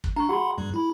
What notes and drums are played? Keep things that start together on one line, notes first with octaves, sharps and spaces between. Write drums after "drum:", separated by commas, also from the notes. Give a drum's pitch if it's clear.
drum: kick
D4 A#5 C#6
F#4 G#4 F#5 B5 C6
G2 G3
E4 B5